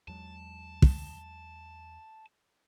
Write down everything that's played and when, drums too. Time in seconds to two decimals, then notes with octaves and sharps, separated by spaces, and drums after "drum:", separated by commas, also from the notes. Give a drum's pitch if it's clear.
0.08 E2 F#3 G#3 A5
0.82 drum: kick